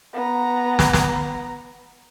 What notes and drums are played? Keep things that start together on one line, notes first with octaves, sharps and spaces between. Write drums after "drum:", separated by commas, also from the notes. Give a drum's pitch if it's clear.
B3 A#5
drum: snare
drum: snare